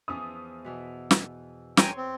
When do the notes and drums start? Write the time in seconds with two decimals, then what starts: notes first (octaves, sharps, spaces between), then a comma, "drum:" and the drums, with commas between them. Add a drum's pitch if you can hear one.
0.08 E2 E3 F3 D#6
0.64 B2 E3
1.11 drum: snare
1.77 C#5 G5 G#5 A#5 C6, drum: snare
1.97 C4